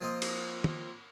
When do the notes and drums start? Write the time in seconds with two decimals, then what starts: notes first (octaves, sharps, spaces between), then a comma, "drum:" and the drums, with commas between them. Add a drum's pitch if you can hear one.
0.01 F3 A#3 C4 A#4 D#5
0.22 drum: cymbal
0.64 drum: tom